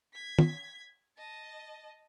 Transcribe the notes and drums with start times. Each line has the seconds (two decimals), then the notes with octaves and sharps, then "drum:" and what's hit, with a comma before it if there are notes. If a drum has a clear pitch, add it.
0.13 G#6 B6
0.39 drum: tom
1.17 D#5 A5